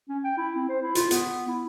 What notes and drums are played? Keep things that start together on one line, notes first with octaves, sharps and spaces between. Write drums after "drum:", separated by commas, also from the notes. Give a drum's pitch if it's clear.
C#4
G5
E4
C4
C5
E4
F4, drum: hi-hat
B3, drum: hi-hat
E4